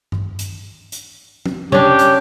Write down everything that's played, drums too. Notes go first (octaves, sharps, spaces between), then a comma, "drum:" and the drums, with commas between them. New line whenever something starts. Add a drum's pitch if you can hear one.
drum: tom G2
drum: hi-hat
drum: hi-hat
drum: tom
C#4 D4 G4, drum: tom C#3
drum: hi-hat